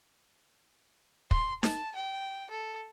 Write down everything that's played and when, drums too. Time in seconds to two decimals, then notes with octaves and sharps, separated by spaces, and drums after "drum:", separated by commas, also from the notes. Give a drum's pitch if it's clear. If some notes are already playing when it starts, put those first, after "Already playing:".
1.31 C6, drum: kick
1.63 A5, drum: snare D#4
1.95 G5
2.51 A4